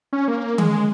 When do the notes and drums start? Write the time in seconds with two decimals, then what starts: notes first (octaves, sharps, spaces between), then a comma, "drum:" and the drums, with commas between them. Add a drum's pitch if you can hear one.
0.13 C#4
0.28 A#3
0.58 G#3, drum: tom D#3